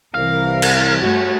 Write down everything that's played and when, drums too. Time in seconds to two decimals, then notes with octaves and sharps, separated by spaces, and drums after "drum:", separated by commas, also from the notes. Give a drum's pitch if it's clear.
0.14 C2 E3 A#4 F5
0.62 drum: cymbal
1.02 G2 A3 F#4 C#5